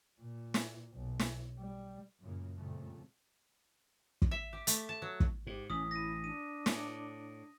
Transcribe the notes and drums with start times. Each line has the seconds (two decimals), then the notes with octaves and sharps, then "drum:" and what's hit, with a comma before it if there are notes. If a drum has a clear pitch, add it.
0.22 A#2
0.54 drum: snare
0.94 B1
1.19 drum: snare
1.59 G3
2.22 F#2 A#2 C#3 A#3
2.57 F2 A#2 C#3 G3 A3
4.22 drum: kick
4.31 E5
4.53 G4
4.67 A3, drum: hi-hat
4.89 A5
5.02 F#3
5.20 drum: kick
5.47 G#2 G4
5.70 A1 C#4 D#6 B6
5.91 E4 A#6 D#7
6.24 D4 D#7
6.66 A2, drum: snare